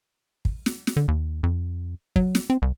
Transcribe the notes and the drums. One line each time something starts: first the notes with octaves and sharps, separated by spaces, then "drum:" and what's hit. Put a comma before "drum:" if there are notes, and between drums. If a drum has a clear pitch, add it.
drum: kick
drum: snare
drum: snare
D3
D#2
F2
F#3, drum: kick
drum: snare
C4
C2